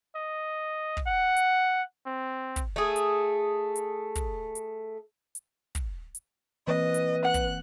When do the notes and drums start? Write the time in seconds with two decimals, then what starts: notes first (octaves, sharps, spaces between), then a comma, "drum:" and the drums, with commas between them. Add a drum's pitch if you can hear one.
0.15 D#5
0.97 drum: kick
1.07 F#5
1.37 drum: hi-hat
2.06 C4
2.56 drum: kick, hi-hat
2.76 A3 G#4
2.96 drum: hi-hat
3.76 drum: hi-hat
4.15 drum: kick, hi-hat
4.55 drum: hi-hat
5.35 drum: hi-hat
5.75 drum: kick, hi-hat
6.15 drum: hi-hat
6.68 E3 A#3 C4 B4 D#5
6.94 drum: hi-hat
7.25 F#5 F#6
7.34 drum: kick, hi-hat